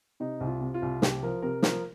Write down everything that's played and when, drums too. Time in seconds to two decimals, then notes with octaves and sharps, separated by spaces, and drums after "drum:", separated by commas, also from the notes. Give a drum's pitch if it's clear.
0.20 C3 D#4
0.40 C2
0.47 F4
0.61 C3
0.74 F4
0.82 C2
1.02 C2 G4, drum: snare
1.22 F3 A#4
1.42 C3 A#4
1.63 F3 A#4, drum: snare